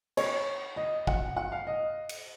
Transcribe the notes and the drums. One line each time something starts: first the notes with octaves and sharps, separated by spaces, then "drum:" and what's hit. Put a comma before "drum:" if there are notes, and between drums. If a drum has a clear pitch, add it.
C#5, drum: cymbal
D#5
F#5, drum: kick
F#5
F5
D#5
drum: cymbal